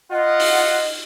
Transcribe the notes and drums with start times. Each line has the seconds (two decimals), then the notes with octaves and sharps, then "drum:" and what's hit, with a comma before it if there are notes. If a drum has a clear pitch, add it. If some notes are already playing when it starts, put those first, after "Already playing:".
0.12 F4 D#5 F#5
0.40 drum: open hi-hat